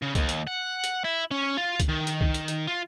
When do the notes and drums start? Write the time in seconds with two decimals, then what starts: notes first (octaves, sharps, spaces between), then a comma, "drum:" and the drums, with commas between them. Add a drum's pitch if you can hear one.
0.02 C#3
0.15 D#2, drum: kick C2, hi-hat
0.29 drum: hi-hat
0.47 F#5
0.84 drum: hi-hat
1.04 E4
1.31 C#4
1.57 F4
1.80 drum: kick C2, hi-hat
1.89 D#3
2.07 drum: hi-hat
2.21 drum: kick C2
2.34 drum: hi-hat
2.48 drum: hi-hat
2.67 F4